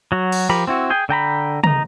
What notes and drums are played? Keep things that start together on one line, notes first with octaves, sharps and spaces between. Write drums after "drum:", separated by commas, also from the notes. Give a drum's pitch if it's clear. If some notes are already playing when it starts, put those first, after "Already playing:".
F#3 F#4
drum: cymbal
F3 G4 A#4 B5
C4 E4 F#4
G#4 G5
D3 G5 A#5 B5
D#4 A#5, drum: tom